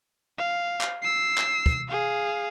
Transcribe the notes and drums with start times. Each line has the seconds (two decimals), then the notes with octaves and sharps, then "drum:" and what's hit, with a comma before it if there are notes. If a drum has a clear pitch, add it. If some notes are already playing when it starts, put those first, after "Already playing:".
0.38 F5
0.81 drum: clap
1.02 E6 C7
1.38 drum: clap
1.66 drum: kick
1.89 G#4 F5